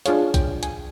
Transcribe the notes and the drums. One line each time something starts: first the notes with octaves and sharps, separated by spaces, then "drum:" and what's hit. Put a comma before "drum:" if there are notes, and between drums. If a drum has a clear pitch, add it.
D4 F4 G#4 C#5 F5, drum: hi-hat
G5, drum: kick, hi-hat
G#5, drum: hi-hat